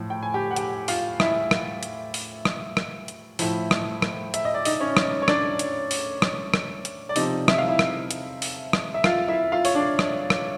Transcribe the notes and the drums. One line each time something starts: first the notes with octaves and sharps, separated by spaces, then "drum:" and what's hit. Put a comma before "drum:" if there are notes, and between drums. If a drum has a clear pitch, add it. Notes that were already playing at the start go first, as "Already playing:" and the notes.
Already playing: A2 F3
G5
G#5
G4 G5
F#5
G4 G5, drum: hi-hat
F4 F5, drum: open hi-hat
E4 E5, drum: rim click
drum: rim click
drum: hi-hat
drum: open hi-hat
drum: rim click
drum: rim click
drum: hi-hat
A2 F3 E4 E5, drum: open hi-hat
drum: rim click
drum: rim click
E5, drum: hi-hat
D#5
D5
D#4 D#5, drum: open hi-hat
C#4 C#5
drum: rim click
C#5
D4 D5, drum: rim click
drum: hi-hat
drum: open hi-hat
drum: rim click
drum: rim click
drum: hi-hat
D5
C3 F3 D#4 D#5, drum: open hi-hat
E5, drum: rim click
F5
E4 E5
drum: rim click
drum: hi-hat
drum: open hi-hat
drum: rim click
E5
F4 F5, drum: rim click
E4 E5
F4 F5
C#5, drum: open hi-hat
D4 D5
drum: rim click
drum: rim click